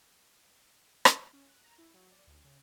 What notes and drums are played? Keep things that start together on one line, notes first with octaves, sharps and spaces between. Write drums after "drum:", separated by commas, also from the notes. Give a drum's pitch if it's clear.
drum: rim click
C#4
F#6
A#5
E4
F#3
D5
D2
C#3